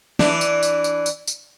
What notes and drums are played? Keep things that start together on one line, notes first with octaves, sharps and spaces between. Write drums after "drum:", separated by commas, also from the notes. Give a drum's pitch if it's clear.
E3 D4, drum: snare
drum: tambourine
drum: tambourine
drum: tambourine
drum: tambourine
drum: tambourine